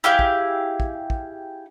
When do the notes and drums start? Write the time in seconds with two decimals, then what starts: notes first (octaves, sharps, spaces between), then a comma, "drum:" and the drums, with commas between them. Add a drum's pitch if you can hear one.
0.04 E4 G4 G#4 F5
0.19 drum: kick
0.80 drum: kick
1.10 drum: kick